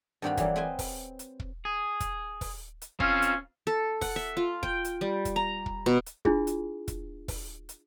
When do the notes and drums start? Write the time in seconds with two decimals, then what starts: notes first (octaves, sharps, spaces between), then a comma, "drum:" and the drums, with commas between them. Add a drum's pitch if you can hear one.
0.22 G2 D#3 C4 F#4 F5 B5
0.37 E3 F#3 G3 A#3, drum: kick, hi-hat
0.56 C4 B4 C5 D#5 G#5
0.79 drum: kick, open hi-hat
1.19 drum: hi-hat
1.40 drum: kick
1.65 G#4
2.00 drum: kick, hi-hat
2.41 drum: kick, open hi-hat
2.82 drum: hi-hat
3.00 C4 C#4 F4 F5, drum: kick
3.22 drum: hi-hat
3.67 A4
4.01 F#5, drum: kick, open hi-hat
4.16 E5
4.37 F4
4.63 G5, drum: kick
4.85 drum: hi-hat
5.01 G3
5.25 drum: kick, hi-hat
5.36 A#5
5.66 drum: kick
5.86 B2
6.06 drum: hi-hat
6.25 D4 E4 F4 G#4, drum: kick
6.47 drum: hi-hat
6.88 drum: kick, hi-hat
7.28 drum: kick, open hi-hat
7.69 drum: hi-hat